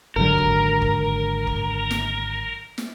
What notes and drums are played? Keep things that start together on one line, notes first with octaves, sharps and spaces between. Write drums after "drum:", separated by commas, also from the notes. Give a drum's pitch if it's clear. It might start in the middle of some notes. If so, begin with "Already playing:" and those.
G#1 D3 F#3 A#4
drum: kick
drum: kick
drum: kick
drum: snare
drum: snare